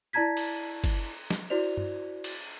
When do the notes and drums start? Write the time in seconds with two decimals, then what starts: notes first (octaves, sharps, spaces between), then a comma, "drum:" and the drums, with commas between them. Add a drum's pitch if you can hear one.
0.13 E4 D5 A5 A#5 G#6 B6
0.37 drum: cymbal
0.84 drum: kick, cymbal
1.30 drum: snare
1.50 E4 F#4 C5 D5 F7
1.77 drum: tom G2
2.24 drum: cymbal